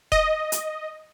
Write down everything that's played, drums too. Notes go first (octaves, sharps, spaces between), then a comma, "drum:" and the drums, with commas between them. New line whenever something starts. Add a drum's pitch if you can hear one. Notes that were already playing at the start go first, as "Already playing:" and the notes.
D#5, drum: kick E1
drum: hi-hat